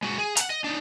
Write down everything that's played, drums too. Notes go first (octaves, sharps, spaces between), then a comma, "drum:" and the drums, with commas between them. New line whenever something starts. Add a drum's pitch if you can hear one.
G#3 F#4
G#4
F#5 A#5, drum: hi-hat
D#5
D4 D#4